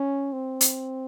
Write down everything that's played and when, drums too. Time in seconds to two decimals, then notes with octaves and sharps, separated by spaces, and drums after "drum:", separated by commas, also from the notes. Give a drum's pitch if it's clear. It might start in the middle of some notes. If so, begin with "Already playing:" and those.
Already playing: C#4
0.33 C4
0.61 drum: hi-hat